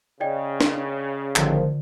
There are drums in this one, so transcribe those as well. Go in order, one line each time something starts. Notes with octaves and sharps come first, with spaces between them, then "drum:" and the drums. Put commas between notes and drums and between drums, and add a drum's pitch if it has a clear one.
C#3 D5 D#5 G5
drum: snare
A1 D3 D#3 F3, drum: clap